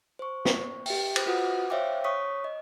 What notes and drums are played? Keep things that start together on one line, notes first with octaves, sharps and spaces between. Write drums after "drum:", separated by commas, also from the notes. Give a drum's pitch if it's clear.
C5 C#6
drum: snare
G4 G5, drum: open hi-hat
drum: cymbal
F4 F#4 B4 F#5 D#6
C5 C#5 E5 F5 G5 D6
C#5 C#6 D#6 B6
D#5